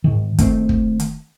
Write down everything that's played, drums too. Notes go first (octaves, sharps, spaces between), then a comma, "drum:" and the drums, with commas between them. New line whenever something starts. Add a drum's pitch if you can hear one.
G#2 D#3
D#3 A3 C4, drum: kick, hi-hat
drum: kick
drum: hi-hat